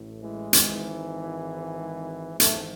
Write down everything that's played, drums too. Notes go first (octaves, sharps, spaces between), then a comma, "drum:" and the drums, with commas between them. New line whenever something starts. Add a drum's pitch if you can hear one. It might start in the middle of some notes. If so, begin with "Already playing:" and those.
Already playing: A1 A2
E3 G#3
G#1 G#2 E3, drum: hi-hat
G#1 G#2 E3 F#3 A3, drum: hi-hat